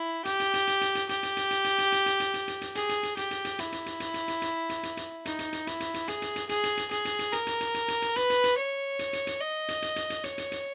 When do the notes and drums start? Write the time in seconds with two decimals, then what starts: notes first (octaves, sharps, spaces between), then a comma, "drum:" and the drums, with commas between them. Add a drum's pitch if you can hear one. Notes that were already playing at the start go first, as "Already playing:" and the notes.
Already playing: E4
0.25 G4, drum: hi-hat
0.40 drum: hi-hat
0.54 drum: hi-hat
0.67 drum: hi-hat
0.81 drum: hi-hat
0.95 drum: hi-hat
1.09 G4, drum: hi-hat
1.23 drum: hi-hat
1.37 drum: hi-hat
1.51 drum: hi-hat
1.64 drum: hi-hat
1.78 drum: hi-hat
1.92 drum: hi-hat
2.06 drum: hi-hat
2.20 drum: hi-hat
2.34 drum: hi-hat
2.48 drum: hi-hat
2.61 drum: hi-hat
2.75 G#4, drum: hi-hat
2.89 drum: hi-hat
3.03 drum: hi-hat
3.17 G4, drum: hi-hat
3.31 drum: hi-hat
3.45 drum: hi-hat
3.59 E4, drum: hi-hat
3.72 drum: hi-hat
3.86 drum: hi-hat
4.00 drum: hi-hat
4.14 drum: hi-hat
4.28 drum: hi-hat
4.42 drum: hi-hat
4.69 drum: hi-hat
4.83 drum: hi-hat
4.97 drum: hi-hat
5.25 D#4, drum: hi-hat
5.39 drum: hi-hat
5.53 drum: hi-hat
5.67 E4, drum: hi-hat
5.80 drum: hi-hat
5.94 drum: hi-hat
6.08 G#4, drum: hi-hat
6.22 drum: hi-hat
6.36 drum: hi-hat
6.49 G#4, drum: hi-hat
6.63 drum: hi-hat
6.77 drum: hi-hat
6.91 G#4, drum: hi-hat
7.05 drum: hi-hat
7.19 drum: hi-hat
7.33 A#4, drum: hi-hat
7.47 drum: hi-hat
7.61 drum: hi-hat
7.74 drum: hi-hat
7.88 drum: hi-hat
8.02 drum: hi-hat
8.16 B4, drum: hi-hat
8.30 drum: hi-hat
8.44 drum: hi-hat
8.57 C#5
8.99 drum: hi-hat
9.13 drum: hi-hat
9.27 drum: hi-hat
9.41 D#5
9.68 drum: hi-hat
9.82 drum: hi-hat
9.96 drum: hi-hat
10.10 drum: hi-hat
10.24 C#5, drum: hi-hat
10.38 drum: hi-hat
10.52 drum: hi-hat